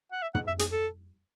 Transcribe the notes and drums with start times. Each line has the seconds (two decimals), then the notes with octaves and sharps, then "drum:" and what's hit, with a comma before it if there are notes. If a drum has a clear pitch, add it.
0.12 F#5
0.22 E5
0.35 F#5, drum: tom
0.47 E5
0.59 G#4, drum: hi-hat
0.72 A4